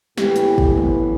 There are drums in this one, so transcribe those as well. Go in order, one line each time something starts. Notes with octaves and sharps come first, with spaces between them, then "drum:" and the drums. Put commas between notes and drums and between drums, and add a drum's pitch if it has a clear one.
A2 E3 B3 G4, drum: snare
drum: hi-hat
drum: kick
drum: tom E3